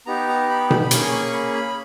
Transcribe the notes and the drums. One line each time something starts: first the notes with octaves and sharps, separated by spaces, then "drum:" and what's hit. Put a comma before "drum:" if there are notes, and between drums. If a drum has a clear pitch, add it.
B3 D#4 G4 A#5
A#5
B5
B5, drum: tom B2
B5
A#3 C#4 G#4 C#6, drum: hi-hat
C#6
B5
B5